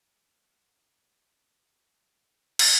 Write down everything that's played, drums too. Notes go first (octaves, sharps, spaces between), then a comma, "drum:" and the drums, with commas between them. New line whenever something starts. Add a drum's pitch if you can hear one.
E4
G#4
F#4
F#4
E4
D#4
B3
G#3
F#3
A3
G#3
drum: cymbal